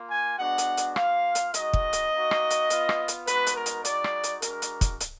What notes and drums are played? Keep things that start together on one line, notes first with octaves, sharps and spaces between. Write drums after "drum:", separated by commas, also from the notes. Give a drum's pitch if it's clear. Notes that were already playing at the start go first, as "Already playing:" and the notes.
Already playing: A#3 F4
G#5
G#3 B3 D4 F#4 F#5
drum: hi-hat
drum: hi-hat
A#3 F4 F5, drum: rim click
drum: hi-hat
G#3 D#4 F#4 D#5, drum: hi-hat
drum: kick
drum: hi-hat
A#3 D#4 F#4
drum: rim click
drum: hi-hat
B3 F4, drum: hi-hat
drum: rim click
drum: hi-hat
G#3 B3 D#4 F#4 B4, drum: hi-hat
drum: hi-hat
A#4
drum: hi-hat
G#3 D#4 F#4 D5, drum: hi-hat
drum: rim click
drum: hi-hat
G#3 D4 F#4 A#4, drum: hi-hat
drum: hi-hat
drum: kick, hi-hat
drum: hi-hat